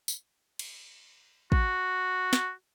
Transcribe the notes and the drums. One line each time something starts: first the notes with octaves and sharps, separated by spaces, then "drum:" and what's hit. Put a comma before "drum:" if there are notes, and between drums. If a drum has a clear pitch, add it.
drum: tambourine
drum: cymbal
F#4, drum: kick
drum: snare